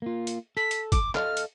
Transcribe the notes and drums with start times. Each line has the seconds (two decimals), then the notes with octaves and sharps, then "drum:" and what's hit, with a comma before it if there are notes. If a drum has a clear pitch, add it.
0.02 A#3 F4
0.27 drum: hi-hat
0.57 A4 B6
0.71 drum: hi-hat
0.92 D6, drum: kick G1, hi-hat
1.15 A4 D#5 F5 F6, drum: clap
1.37 drum: hi-hat